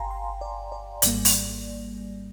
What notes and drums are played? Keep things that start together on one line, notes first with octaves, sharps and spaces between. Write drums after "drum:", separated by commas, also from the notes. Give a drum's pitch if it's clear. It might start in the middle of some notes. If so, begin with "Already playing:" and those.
Already playing: G1 F5 G5 G#5 A#5 C6
C6
D5
D5
G#1 G#2 G3 A#3 D5, drum: hi-hat
drum: open hi-hat